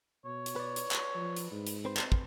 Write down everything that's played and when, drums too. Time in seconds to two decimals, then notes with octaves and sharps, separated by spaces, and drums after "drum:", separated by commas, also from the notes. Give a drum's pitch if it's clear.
0.25 B2 C#5
0.46 drum: hi-hat
0.56 B4 D5
0.76 drum: hi-hat
0.91 drum: clap
1.15 F3
1.36 drum: hi-hat
1.52 G#2
1.67 drum: hi-hat
1.85 C4 B4 C5
1.97 drum: clap
2.12 drum: kick